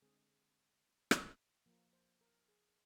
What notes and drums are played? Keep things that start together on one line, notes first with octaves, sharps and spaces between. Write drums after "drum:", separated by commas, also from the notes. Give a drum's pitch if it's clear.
D3 G#3 C4 G#4
drum: rim click
F3 A#3
C5
A#4
G#4